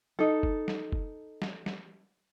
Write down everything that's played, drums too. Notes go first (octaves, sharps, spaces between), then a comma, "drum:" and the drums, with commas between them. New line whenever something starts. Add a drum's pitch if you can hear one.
D#4 A4
drum: kick
drum: snare
drum: kick
drum: snare
drum: snare